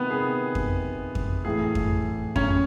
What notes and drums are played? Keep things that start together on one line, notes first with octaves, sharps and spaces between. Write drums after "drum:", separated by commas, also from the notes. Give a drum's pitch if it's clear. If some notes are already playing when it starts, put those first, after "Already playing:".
Already playing: C3 D#3 B3 B4
G#4
drum: kick F2
drum: kick F2
A2 E3 G#4
drum: kick F2
C#4 C#5, drum: kick F2